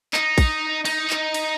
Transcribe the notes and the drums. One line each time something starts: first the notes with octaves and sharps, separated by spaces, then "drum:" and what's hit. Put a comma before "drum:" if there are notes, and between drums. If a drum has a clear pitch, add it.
D#4, drum: clap
drum: kick, cymbal
D#4, drum: cymbal
drum: clap
drum: cymbal